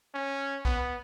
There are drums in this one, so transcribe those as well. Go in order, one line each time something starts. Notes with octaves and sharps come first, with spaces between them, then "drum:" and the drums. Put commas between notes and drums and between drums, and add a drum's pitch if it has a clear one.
C#4
B3, drum: kick